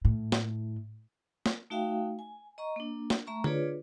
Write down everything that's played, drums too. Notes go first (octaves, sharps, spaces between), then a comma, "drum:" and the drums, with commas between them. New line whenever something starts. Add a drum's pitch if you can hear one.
A2
drum: snare
drum: snare
A3 D#4 F#4 E5 F5 G5
G#5
D#5 A#5 C#6
A#3 D4
drum: snare
A3 E5 A#5 C#6
D4 F4 G#4 B4 C#5 D5, drum: tom D3